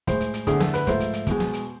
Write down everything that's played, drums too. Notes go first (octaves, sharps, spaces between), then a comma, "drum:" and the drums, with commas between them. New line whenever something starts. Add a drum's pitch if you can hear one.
A2 G#3 C5, drum: kick, hi-hat
drum: hi-hat
drum: hi-hat
E2 D3 A3 G#4, drum: kick, hi-hat
A4, drum: snare
B4, drum: hi-hat
G#2 F3 A3 C5, drum: kick, hi-hat
drum: hi-hat
drum: hi-hat
B2 G#3, drum: kick, hi-hat
drum: snare
drum: hi-hat